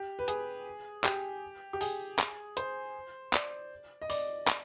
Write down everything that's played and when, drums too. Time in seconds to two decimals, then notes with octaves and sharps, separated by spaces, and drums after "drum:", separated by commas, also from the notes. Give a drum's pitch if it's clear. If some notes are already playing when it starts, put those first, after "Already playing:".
Already playing: G4
0.19 B4
0.28 G#4, drum: hi-hat
1.04 G4, drum: clap
1.73 G4
1.81 G#4, drum: open hi-hat
2.19 drum: clap
2.57 C5, drum: hi-hat
3.33 D5, drum: clap
4.02 D#5
4.10 D5, drum: open hi-hat
4.48 drum: clap